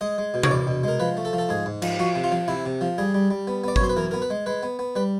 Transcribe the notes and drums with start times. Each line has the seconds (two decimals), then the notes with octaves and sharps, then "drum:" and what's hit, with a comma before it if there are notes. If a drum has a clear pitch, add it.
0.01 G#3 D#5
0.18 G#3
0.34 B2
0.43 C#5, drum: tom C3
0.51 E2 D5
0.67 B2
0.84 G#3 A#4
1.00 F3 B4
1.17 A3
1.25 A4
1.33 F3
1.38 A4
1.49 G#2 G#4
1.66 G#2
1.82 F3, drum: cymbal
1.99 F3 F#4
2.15 C3
2.24 F4
2.32 F3
2.48 C3 E4
2.66 C3
2.81 F3
2.98 G3 G#4
3.14 G3
3.31 G3
3.47 B3
3.64 B3 D5
3.76 C#5, drum: kick G#1
3.81 F#2 C5
3.89 B4
3.96 E3 A#4
4.11 B3 A#4
4.22 B4
4.30 G#3
4.46 G#3 B4
4.63 B3
4.79 B3
4.96 G3 B4